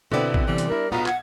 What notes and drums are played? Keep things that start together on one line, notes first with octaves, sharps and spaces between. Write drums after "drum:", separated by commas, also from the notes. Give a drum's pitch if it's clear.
B2 D3 B3 C4 E4 D5
drum: kick
C3 E3 G3
drum: hi-hat
D4 E4 A#4
B1 B2 B3 F4 A#5
F#5 G#6, drum: clap